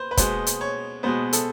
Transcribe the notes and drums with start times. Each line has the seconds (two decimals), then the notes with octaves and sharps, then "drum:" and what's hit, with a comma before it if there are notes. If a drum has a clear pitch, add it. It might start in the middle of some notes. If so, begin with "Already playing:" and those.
Already playing: B4 C5
0.11 B4
0.17 B2 G#3 B3 C5, drum: kick, hi-hat
0.47 drum: hi-hat
0.61 C#5
1.03 B2 G#3 B3 C5
1.33 A4, drum: hi-hat